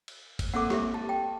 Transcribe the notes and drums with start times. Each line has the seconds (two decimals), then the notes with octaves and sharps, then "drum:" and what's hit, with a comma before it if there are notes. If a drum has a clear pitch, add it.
0.08 drum: cymbal
0.39 drum: kick, cymbal
0.54 A#3 C4 A4 F#5 D6
0.70 G4 E5, drum: snare
0.94 A5
1.09 G5